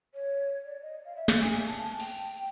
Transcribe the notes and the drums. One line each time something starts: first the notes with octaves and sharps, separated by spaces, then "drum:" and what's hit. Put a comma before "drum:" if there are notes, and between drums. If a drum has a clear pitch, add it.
C#5
D5
D#5
F5
E5
F5, drum: snare
G#5
G#5
A5
A5
G5, drum: open hi-hat